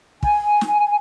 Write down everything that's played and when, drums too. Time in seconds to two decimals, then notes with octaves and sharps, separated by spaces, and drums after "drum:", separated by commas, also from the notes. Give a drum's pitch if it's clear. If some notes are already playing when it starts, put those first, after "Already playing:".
0.23 G#5, drum: kick
0.61 drum: snare